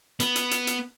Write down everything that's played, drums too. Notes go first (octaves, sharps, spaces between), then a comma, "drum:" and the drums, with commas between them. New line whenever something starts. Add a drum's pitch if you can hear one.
B3, drum: hi-hat
drum: hi-hat
drum: hi-hat
drum: hi-hat